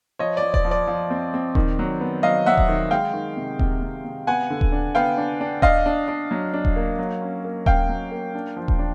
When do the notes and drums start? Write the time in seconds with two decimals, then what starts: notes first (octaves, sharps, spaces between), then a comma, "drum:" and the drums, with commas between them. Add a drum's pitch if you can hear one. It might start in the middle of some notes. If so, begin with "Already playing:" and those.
0.19 F3 C#5 D#5
0.37 D5
0.42 F3
0.54 D5, drum: kick D#1
0.65 F3
0.71 D5
0.87 F3
1.10 C4
1.34 C4
1.55 D#3, drum: kick D#1
1.79 F#3
2.01 B3
2.23 F#3 D#5 F5
2.46 F#3 E5 F#5
2.58 drum: kick D#1
2.69 D#3
2.91 G#3 F5 G5
3.14 D#3
3.36 C3
3.59 C3, drum: kick D#1
3.81 C3
4.05 C3
4.27 B3 F#5 G#5
4.50 D3
4.61 drum: kick D#1
4.72 D4
4.95 B3 F5 G5
5.18 D4
5.41 D4
5.62 D4 D#5 F5, drum: kick D#1
5.86 D4
6.08 D4
6.31 F#3
6.54 D4
6.65 drum: kick D#1
6.76 A#3
6.99 F#3
7.22 C#4
7.44 A#3
7.66 C#4 F5 G5, drum: kick D#1
7.89 F#3
8.11 A#3
8.35 D4
8.57 F3
8.68 drum: kick D#1
8.79 D4